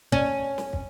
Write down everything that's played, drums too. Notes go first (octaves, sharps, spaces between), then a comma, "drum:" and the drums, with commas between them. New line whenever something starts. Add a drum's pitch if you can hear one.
C#4, drum: kick
drum: snare
drum: kick